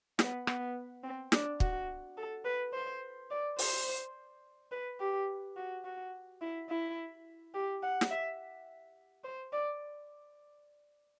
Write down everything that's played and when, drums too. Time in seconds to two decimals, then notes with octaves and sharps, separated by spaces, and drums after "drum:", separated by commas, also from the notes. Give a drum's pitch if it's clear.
0.19 B3, drum: snare
0.47 B3, drum: rim click
1.04 C4
1.32 D4, drum: snare
1.60 F#4, drum: kick
2.17 A4
2.45 B4
2.73 C5
3.30 D5
3.59 C5, drum: open hi-hat
4.71 B4
5.00 G4
5.56 F#4
5.84 F#4
6.41 E4
6.69 E4
7.54 G4
7.83 F#5
8.01 drum: snare
8.11 E5
9.24 C5
9.53 D5